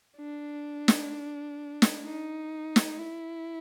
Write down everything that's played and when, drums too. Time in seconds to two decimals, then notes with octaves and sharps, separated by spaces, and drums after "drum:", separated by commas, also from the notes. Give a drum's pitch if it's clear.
0.18 D4
0.88 drum: snare
1.82 drum: snare
2.05 D#4
2.76 drum: snare
3.00 E4